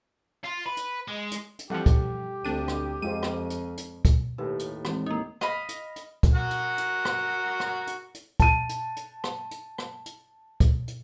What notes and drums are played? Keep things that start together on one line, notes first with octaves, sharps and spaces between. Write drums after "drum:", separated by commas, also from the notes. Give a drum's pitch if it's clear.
F4
B4
drum: hi-hat
G#3
drum: hi-hat
drum: hi-hat
F2 E3 F3 G3 G4 A4 F#5
drum: kick, hi-hat
D2 A3 C4 D4 A4 D#7
drum: rim click
F2 G#3 F4 C5 D#7
drum: rim click
drum: hi-hat
drum: hi-hat
drum: kick, hi-hat
D#2 A2 G4 B4
drum: hi-hat
E3 G#3 C4, drum: rim click
A#3 D#4
D#5 F5 B5, drum: rim click
drum: hi-hat
drum: hi-hat
drum: kick, hi-hat
F#4 A#4 F#5
drum: hi-hat
drum: hi-hat
drum: rim click
drum: rim click
drum: hi-hat
drum: hi-hat
A5 D#7, drum: kick, hi-hat
drum: hi-hat
drum: hi-hat
drum: rim click
drum: hi-hat
drum: rim click
drum: hi-hat
drum: kick, hi-hat
drum: hi-hat